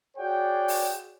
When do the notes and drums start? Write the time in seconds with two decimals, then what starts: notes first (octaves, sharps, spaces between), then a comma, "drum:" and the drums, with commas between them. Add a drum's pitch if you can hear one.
0.17 F#4 G#4 C#5 D5 F#5 G5
0.68 drum: open hi-hat